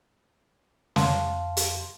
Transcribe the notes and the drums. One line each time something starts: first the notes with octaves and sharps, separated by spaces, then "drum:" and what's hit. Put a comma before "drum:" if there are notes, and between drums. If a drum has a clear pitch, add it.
F2 F5 A5 C6, drum: snare
drum: hi-hat